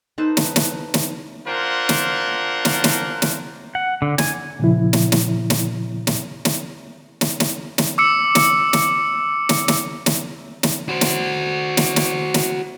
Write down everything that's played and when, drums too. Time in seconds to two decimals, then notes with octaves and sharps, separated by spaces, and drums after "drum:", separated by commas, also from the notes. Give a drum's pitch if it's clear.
0.18 D#4 A4 B4 C5
0.37 drum: snare
0.56 drum: snare
0.94 drum: snare
1.47 D4 F4 A#4 C5 F#5
1.89 drum: snare
2.65 drum: snare
2.84 drum: snare
3.22 drum: snare
3.75 F#5
4.02 D3
4.18 G#5, drum: snare
4.59 A#2 C#3 F3 E4
4.93 drum: snare
5.12 drum: snare
5.50 drum: snare
6.07 drum: snare
6.45 drum: snare
7.21 drum: snare
7.40 drum: snare
7.78 drum: snare
7.98 D6 E6 C#7
8.35 drum: snare
8.73 drum: snare
9.49 drum: snare
9.68 drum: snare
10.06 drum: snare
10.63 drum: snare
10.89 F#4 C5
11.01 drum: snare
11.77 drum: snare
11.96 drum: snare
12.34 drum: snare